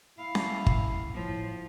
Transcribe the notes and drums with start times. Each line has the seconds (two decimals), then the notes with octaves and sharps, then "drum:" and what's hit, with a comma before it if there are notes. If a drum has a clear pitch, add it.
0.18 E4 F5
0.35 drum: snare C#4
0.66 drum: kick G1
1.14 A2 F3